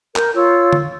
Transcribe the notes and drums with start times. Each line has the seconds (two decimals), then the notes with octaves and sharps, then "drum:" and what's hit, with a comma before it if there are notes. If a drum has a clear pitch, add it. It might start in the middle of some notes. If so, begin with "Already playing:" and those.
0.16 A#4 G6, drum: clap
0.34 F4 C#5 E6
0.73 drum: tom D3